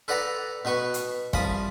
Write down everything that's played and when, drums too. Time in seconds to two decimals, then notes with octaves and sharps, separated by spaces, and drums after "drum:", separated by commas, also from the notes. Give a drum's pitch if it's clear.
0.08 A4 B4 D5 F#5 A#5
0.65 B2 B3 B4 C#6
0.94 drum: hi-hat
1.33 C2 F3 A5 B5 D#6, drum: kick